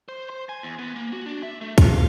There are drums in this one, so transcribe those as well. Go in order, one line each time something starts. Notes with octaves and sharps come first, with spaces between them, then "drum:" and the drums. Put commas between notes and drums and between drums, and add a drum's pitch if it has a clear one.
C5
C5
G#5
E2
B3
A#3
F#4
D4
E5
A3
F4, drum: kick, hi-hat
F5